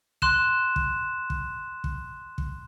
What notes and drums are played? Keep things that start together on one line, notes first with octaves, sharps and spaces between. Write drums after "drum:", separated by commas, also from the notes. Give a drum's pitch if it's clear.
C6 F#6 E7, drum: kick
drum: kick
drum: kick
drum: kick
drum: kick